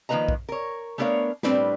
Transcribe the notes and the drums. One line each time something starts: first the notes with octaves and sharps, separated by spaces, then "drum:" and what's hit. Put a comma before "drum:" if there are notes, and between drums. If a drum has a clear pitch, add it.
D#3 F3 A#3 B4 D#5 A#5
drum: kick
A#4 C#5
A3 B3 D4 A#4 C#5 F5
A2 G3 C4 D4 G4 B4, drum: snare